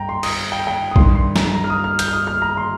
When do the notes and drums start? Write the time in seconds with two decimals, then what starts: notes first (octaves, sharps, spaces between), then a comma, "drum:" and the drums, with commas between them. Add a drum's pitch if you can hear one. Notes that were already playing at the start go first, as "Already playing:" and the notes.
Already playing: G2 G5 A#5
0.09 C6
0.23 D#6, drum: cymbal
0.52 G5
0.67 G5
0.91 D#6
0.96 G2 D#3 C6, drum: kick A#1
1.15 C6
1.36 A#5, drum: snare
1.55 A#5
1.64 F6
1.70 D#6
1.84 F6
1.99 G6, drum: hi-hat
2.08 F6
2.13 D#6
2.27 F6
2.42 A#5
2.57 C6